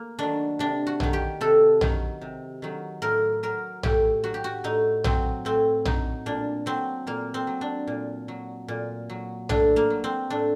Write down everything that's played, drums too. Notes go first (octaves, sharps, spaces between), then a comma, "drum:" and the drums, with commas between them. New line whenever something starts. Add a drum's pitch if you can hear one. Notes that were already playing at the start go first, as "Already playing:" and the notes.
Already playing: A#3
D#3 F#3 D4
C3 D4
F#4
D#3 F#3, drum: tom A#1
G4
C3 A4
D#3 F#3, drum: tom A#1
C3
D#3 F#3
A2 A#4
F#3 A#4
A2 G4, drum: tom A#1
F#3 F#4
G4
F#4
A2 D#4
F#3 C4, drum: tom A#1
A2 C4
F#3 D#4, drum: tom A#1
A#2 D4
F#3 C4
A#2 A#3
C4
F#3
D4
A#2
F#3
A#2
F#3
A2 D4, drum: tom A#1
A#3
F#3
C4
A2 D4